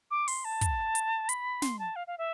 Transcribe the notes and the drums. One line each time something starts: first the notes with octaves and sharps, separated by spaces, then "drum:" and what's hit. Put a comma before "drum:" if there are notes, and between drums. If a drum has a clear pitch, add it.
D6
C6, drum: open hi-hat
A5
drum: kick, hi-hat
drum: hi-hat
B5, drum: hi-hat
C6, drum: snare
A5
F5
F5
E5